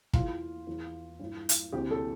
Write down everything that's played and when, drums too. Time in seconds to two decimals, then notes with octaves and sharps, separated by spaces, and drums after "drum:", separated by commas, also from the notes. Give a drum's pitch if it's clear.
0.13 E2 E3 F4, drum: kick
0.67 E2 E3
1.19 G2 E3
1.49 drum: hi-hat
1.72 D2 C3 E3 G4
1.91 A4